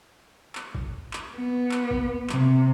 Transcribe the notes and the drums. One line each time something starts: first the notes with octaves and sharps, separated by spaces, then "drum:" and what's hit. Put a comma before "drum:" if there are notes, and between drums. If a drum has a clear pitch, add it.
drum: clap
drum: kick G#1
drum: clap
B3
drum: clap
drum: kick G#1
C3, drum: clap